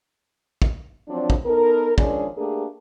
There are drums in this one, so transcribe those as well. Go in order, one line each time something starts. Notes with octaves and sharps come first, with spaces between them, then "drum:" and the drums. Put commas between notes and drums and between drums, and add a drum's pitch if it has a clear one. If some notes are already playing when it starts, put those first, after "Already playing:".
drum: kick
F3 F#3 C4 D4
drum: kick
B3 D#4 A4 A#4
D#3 F3 G#3 C#4 D4 G#4, drum: kick
A3 A#3 D4 G4 G#4 A#4